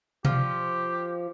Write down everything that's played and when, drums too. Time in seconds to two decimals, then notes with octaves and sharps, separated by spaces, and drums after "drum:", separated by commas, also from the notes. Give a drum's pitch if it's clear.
0.25 F3 G4, drum: tom B2